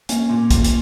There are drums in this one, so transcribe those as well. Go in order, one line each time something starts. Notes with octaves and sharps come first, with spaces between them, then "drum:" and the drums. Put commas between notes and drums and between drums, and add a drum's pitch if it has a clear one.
A#3 C#4, drum: hi-hat
A#2
A#2, drum: kick, hi-hat
drum: hi-hat